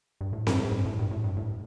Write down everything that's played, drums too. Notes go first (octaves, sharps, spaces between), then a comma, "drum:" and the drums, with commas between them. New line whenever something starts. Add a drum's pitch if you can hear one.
G2
A2
G2, drum: snare C4
A2
G2
A2
G2
A2
G2
A2